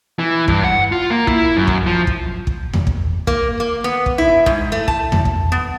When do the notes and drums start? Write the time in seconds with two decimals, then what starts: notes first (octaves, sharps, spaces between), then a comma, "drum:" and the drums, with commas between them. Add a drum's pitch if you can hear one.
0.19 E3
0.48 G2, drum: kick
0.64 F#5
0.92 F4
1.10 A#3
1.27 E4, drum: kick
1.57 F#2
1.67 drum: kick
1.86 F3
2.07 drum: kick
2.47 drum: kick
2.73 drum: tom E2
2.87 drum: kick
3.27 A#3, drum: kick
3.60 A#3
3.84 B3
4.06 drum: kick
4.18 E4
4.46 G#2, drum: kick
4.72 A3
4.88 A5, drum: kick
5.12 drum: tom E2
5.25 drum: kick
5.52 B3